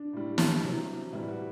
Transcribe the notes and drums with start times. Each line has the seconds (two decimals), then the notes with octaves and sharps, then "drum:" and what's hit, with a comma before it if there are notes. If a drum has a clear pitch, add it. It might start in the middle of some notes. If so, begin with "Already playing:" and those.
Already playing: D4
0.13 A2 G3
0.38 drum: snare
0.63 C3 F#3
1.12 A2 E3 G3 E4
1.28 F#4